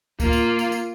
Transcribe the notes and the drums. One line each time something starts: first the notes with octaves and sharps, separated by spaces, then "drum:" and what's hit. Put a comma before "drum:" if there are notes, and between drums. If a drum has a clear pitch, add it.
A#3 F4, drum: kick C#2, tambourine
drum: tambourine
drum: tambourine
drum: tambourine